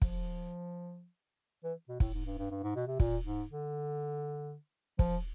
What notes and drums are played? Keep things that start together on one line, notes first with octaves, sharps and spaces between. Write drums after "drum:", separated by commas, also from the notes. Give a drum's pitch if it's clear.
F3, drum: kick
E3
B2
A2, drum: kick
G#2
G2
G2
G2
G#2
B2
C3
A#2, drum: kick
G#2
D3
F3, drum: kick